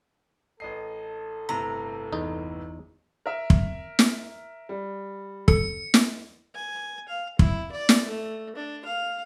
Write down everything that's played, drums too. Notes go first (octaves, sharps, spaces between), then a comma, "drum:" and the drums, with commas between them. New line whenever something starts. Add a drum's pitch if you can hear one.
A1 A4 D#5 C7
G1 A2 C3 A#5
E2 D#4
A#4 E5
drum: kick
drum: snare
G3
A4 C#7, drum: kick
drum: snare
G#5
F5
E4, drum: kick
D5
drum: snare
A3
D4
F5